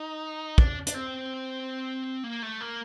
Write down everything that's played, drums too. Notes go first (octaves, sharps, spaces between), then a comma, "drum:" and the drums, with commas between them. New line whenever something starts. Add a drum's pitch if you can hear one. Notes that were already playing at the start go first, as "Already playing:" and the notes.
Already playing: D#4
D4, drum: kick
D4, drum: hi-hat
C4
A#3
A3
A#3